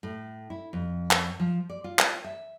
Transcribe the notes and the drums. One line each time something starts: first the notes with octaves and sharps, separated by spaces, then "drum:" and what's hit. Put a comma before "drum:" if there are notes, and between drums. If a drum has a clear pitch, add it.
A2
E4
F2
drum: clap
F3
D5
F4
drum: clap
E5